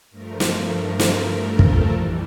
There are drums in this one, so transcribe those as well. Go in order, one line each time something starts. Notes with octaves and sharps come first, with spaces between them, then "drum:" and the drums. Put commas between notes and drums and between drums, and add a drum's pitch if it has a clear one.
G2 F3 A3 A#4
drum: snare
A#4, drum: snare
A4
drum: kick
F2 E3 G3